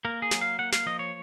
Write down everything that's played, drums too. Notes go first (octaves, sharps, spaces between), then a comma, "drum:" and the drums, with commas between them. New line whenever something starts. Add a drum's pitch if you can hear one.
A#3 A#4
G#4
F#3, drum: snare
F5
A#3 F#5
F5, drum: snare
F3 D#5
C#5